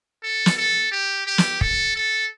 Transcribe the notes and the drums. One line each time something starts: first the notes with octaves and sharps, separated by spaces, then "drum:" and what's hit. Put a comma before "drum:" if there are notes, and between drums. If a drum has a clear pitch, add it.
A4
drum: snare
A4
G4
G4
drum: snare
A4, drum: kick
A4